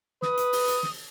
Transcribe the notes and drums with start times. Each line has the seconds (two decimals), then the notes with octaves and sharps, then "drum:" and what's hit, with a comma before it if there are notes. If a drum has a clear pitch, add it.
0.22 B4 D#6, drum: snare
0.37 drum: hi-hat
0.53 drum: open hi-hat
0.68 drum: hi-hat
0.83 drum: snare